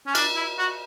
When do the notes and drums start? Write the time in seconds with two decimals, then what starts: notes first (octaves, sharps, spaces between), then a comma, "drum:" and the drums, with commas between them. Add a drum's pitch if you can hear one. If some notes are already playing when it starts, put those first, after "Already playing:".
0.07 C#4
0.15 D4, drum: cymbal
0.36 E4
0.59 F#4